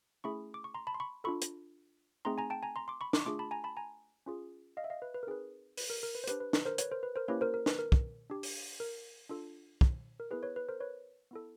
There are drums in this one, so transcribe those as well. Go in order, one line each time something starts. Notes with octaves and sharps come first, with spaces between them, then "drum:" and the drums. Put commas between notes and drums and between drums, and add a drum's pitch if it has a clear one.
A3 C#4 E4 G#4 B5 C#6
D6
C#6
A#5 C6
A5 B5
C6
B5 C#6
D4 F4 A4 B5 C#6
drum: hi-hat
A3 C4 D#4 G#4 A#5 C6
G#5 A#5
G5 A5
G#5 A#5
A#5 C6
C6 D6
B5 C#6
C6 D6, drum: snare
C#6
A3 D4 F4 G#4 C6 D6
A5 B5
G#5 A#5
A5 B5
G#5 A#5
C#4 F4 G#4
D#5 F5
E5
D#5 F5
B4
B4
A#4
C4 D#4 G#4 B4
B4, drum: open hi-hat
A#4
A#4
B4
C5
D4 G4 B4, drum: hi-hat
B4
B4, drum: snare
A#4 C5
B4 C#5, drum: hi-hat
A#4 C5
B4
A#4 C5
A#3 C#4 E4 G4 B4 C#5
A#4 C5
A#4
B4, drum: snare
A#4
drum: kick
D4 G4
drum: open hi-hat
A#4
D4 F4 A4
drum: kick
A#4
B3 E4 G#4 B4
B4 C#5
B4
A#4 C5
B4 C#5
B3 E4 A4